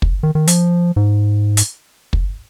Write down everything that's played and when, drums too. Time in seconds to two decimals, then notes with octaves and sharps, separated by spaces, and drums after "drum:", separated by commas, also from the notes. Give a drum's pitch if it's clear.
0.02 drum: kick
0.23 D#3
0.35 D#3
0.47 F3, drum: hi-hat
0.96 G#2
1.57 drum: hi-hat
2.13 drum: kick